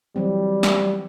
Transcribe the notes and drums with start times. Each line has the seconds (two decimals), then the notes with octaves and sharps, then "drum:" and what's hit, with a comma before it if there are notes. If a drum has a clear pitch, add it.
0.16 E3 F#3 G3 C4
0.63 drum: snare